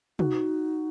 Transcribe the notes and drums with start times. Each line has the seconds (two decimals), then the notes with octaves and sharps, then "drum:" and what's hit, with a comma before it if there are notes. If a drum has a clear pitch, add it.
0.19 D#4 F#4, drum: tom